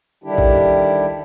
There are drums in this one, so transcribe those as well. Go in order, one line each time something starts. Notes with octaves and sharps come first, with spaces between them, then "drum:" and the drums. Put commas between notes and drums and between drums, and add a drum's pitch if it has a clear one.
D3 D#3 G3 D4 E4 G4
drum: kick A1